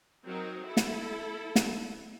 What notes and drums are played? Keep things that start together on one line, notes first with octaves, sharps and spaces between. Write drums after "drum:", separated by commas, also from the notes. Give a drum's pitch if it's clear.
F#3 C4 D#4 A#4
E4 A4
drum: snare
drum: snare